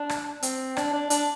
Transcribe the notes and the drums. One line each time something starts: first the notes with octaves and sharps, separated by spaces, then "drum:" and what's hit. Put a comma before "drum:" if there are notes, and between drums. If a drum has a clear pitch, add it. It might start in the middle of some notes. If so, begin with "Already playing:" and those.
Already playing: D4
drum: rim click
C4, drum: hi-hat
D4, drum: rim click
D4
D4, drum: hi-hat